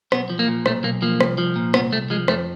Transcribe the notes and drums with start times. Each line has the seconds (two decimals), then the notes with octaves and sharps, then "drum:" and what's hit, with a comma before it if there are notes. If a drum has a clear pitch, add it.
0.12 B1 B3, drum: rim click
0.30 F3
0.39 A#3
0.47 A#2
0.66 B1 A3, drum: rim click
0.84 B1 A#3
1.02 F3 A#3
1.21 C2, drum: rim click
1.38 F3
1.56 A#2
1.74 C2 B3, drum: rim click
1.92 C2 A3
2.10 F3 G#3
2.28 F2 A3, drum: rim click